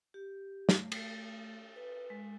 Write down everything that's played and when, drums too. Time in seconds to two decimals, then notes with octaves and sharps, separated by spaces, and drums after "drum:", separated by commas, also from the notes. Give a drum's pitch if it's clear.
0.14 G4
0.69 A3, drum: snare
0.92 drum: cymbal
1.76 B4
2.10 G#3